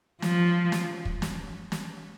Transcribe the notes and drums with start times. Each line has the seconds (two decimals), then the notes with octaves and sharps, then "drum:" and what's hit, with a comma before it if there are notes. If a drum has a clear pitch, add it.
0.22 F3, drum: snare
0.72 drum: snare
1.05 drum: kick
1.22 drum: snare
1.72 drum: snare